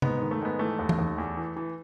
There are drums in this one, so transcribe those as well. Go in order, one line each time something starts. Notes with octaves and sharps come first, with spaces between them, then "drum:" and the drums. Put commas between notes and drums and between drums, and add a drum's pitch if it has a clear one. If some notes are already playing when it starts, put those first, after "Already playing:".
G#2 B3, drum: tom C3
D#3
A3
G#2 B3
E3 A3
D#2
drum: tom E3
D#2
E2
E3
E3